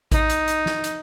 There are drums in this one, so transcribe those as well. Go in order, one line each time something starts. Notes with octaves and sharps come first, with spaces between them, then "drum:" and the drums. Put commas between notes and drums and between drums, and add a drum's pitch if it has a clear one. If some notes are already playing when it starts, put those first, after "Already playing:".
D#4, drum: kick A1, hi-hat
drum: hi-hat
drum: hi-hat
drum: snare
drum: hi-hat